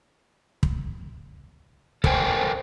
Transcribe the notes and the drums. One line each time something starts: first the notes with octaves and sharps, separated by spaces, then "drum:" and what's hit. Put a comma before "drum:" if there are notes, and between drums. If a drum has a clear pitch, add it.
drum: kick
A4 A#4 C5 G5 G#5, drum: kick